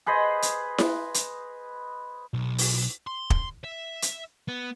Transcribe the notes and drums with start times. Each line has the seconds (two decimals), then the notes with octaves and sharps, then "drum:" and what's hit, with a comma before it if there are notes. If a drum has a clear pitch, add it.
0.06 G#4 B4 C5 D#5
0.42 drum: hi-hat
0.78 drum: snare E4
1.14 drum: hi-hat
2.34 B1
2.58 drum: open hi-hat
3.07 C6
3.30 drum: kick
3.64 E5
4.02 drum: hi-hat
4.48 B3